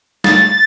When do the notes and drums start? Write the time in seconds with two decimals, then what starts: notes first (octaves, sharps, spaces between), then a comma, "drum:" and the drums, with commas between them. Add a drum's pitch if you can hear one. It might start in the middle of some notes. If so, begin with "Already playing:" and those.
0.24 A6, drum: snare